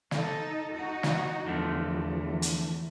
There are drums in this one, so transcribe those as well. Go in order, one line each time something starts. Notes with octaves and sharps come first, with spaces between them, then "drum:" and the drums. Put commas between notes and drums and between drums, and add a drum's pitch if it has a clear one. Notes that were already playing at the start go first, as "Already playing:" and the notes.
D#4 A4, drum: snare
D#4 F#4
drum: snare
E2 D3 E3 F3 A3
drum: hi-hat